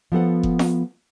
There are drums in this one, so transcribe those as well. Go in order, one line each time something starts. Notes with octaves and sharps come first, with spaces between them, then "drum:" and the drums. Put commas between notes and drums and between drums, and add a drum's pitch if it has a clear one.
F3 B3 A4 F#5
drum: kick F#1
drum: snare